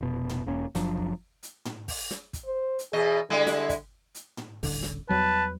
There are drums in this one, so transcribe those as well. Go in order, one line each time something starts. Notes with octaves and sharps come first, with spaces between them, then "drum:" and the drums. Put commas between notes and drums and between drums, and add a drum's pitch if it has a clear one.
F1 B2
drum: tom
E1 A#3 C#4
F#1 F3 F#3 D4, drum: snare
drum: kick
drum: hi-hat
drum: tom
drum: kick, open hi-hat
drum: snare
drum: kick, hi-hat
C5
drum: hi-hat
E2 B2 G#4 D#5
D3 G3 G#3 E4
drum: snare
drum: kick, hi-hat
drum: hi-hat
drum: tom
D#1 A1 D3, drum: kick, open hi-hat
drum: snare
E2 F#3 G3 B4 A5